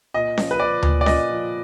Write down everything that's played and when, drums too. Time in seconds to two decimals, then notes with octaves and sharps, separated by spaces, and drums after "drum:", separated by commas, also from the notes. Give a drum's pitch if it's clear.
0.14 A#2 D#5
0.38 F3, drum: snare C#4
0.51 B4
0.60 F3 D5
0.83 A#2, drum: tom D2
1.01 D5
1.06 A#2 D#5, drum: snare C#4
1.30 F3